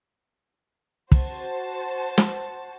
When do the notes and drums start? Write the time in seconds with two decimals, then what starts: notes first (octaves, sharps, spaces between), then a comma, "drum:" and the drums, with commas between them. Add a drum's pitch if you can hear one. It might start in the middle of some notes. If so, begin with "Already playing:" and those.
1.12 F#4 C5 A5, drum: kick
2.18 drum: snare